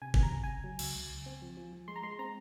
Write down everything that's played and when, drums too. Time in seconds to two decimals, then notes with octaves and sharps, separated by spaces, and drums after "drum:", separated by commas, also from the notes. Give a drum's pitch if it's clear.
0.02 C3 G#5
0.14 G#5, drum: kick F#1
0.17 C3
0.23 A#5
0.33 C#2
0.43 C#2 G#5
0.64 F#3
0.79 C#2, drum: cymbal
0.95 C#2
1.10 C#2
1.26 C4
1.42 F3
1.57 F3
1.73 F3
1.88 G#3 C6
1.96 A#5
2.03 G#3 C6
2.19 C4 A#5